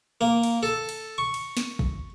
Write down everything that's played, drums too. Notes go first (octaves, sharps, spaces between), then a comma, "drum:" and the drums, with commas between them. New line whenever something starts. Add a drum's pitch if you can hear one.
A#3
drum: cymbal
A4
drum: cymbal
C#6
drum: cymbal
drum: snare
drum: kick